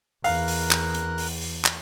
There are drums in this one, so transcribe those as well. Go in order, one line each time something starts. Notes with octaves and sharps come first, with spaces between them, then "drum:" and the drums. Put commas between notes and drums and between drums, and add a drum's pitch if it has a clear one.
E2 A#4 F5 F#6, drum: open hi-hat
drum: open hi-hat
drum: clap
drum: hi-hat
drum: open hi-hat
drum: open hi-hat
drum: clap